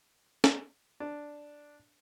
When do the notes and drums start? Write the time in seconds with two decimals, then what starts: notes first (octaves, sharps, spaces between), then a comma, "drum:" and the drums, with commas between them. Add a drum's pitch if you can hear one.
0.44 drum: snare
1.00 D4